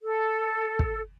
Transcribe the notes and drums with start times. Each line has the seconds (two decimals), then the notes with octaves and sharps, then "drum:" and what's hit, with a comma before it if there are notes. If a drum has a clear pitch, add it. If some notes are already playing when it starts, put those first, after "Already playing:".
0.01 A4
0.79 drum: kick